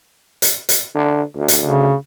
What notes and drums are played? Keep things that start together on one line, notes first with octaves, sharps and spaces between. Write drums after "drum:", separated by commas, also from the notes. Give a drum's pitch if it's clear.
drum: hi-hat
drum: hi-hat
D3
D2
drum: hi-hat
C#3